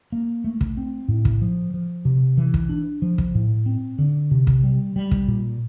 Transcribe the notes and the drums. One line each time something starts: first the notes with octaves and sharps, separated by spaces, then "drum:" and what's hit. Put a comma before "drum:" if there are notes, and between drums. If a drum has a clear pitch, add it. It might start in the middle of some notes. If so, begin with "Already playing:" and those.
A#3
A3
drum: kick
C4
A2
drum: kick
F3
F3
C3
E3
drum: kick
D4
F3
drum: kick
A2
C4
D3
C3
drum: kick
G3
G3
drum: kick
A#2